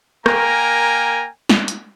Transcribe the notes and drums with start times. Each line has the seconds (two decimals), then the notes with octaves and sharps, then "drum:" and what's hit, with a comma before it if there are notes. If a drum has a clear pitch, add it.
0.26 A#3 A#4 G5 G#5 A#5, drum: rim click
1.49 drum: snare
1.68 drum: hi-hat